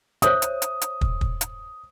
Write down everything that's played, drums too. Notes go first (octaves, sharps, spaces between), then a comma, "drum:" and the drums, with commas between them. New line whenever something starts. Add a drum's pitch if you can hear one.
C5 C#5 E5 D#6, drum: hi-hat
drum: hi-hat
drum: hi-hat
drum: hi-hat
drum: kick
drum: kick
drum: hi-hat